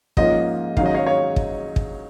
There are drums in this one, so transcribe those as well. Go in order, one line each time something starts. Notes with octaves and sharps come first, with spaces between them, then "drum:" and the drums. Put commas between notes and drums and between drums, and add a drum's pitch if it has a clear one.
G#2 F3 A#3 C#4 F4 D#5, drum: kick
G#2 D#3 F#3 C#4 F5, drum: kick
D#5
C#5 F5
C#5 F5
drum: kick
drum: kick